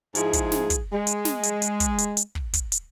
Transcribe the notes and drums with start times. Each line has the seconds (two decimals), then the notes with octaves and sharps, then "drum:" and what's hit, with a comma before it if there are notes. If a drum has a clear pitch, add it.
0.15 G#2 F3 G#3 E4 G#4, drum: hi-hat
0.33 drum: kick, hi-hat
0.52 drum: snare
0.70 drum: kick, hi-hat
0.92 G#3
1.07 drum: hi-hat
1.25 drum: snare
1.43 drum: hi-hat
1.62 drum: hi-hat
1.80 drum: kick, hi-hat
1.98 drum: hi-hat
2.17 drum: hi-hat
2.35 drum: kick
2.53 drum: kick, hi-hat
2.72 drum: hi-hat